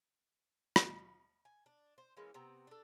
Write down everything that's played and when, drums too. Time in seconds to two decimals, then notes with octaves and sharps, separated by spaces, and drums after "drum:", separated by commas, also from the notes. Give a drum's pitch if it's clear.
0.76 drum: rim click
1.45 G#5
1.66 D4
1.98 C5
2.17 E3 G#3 A#3 C#4
2.34 C3 B3 C4 A#5
2.67 D4 A4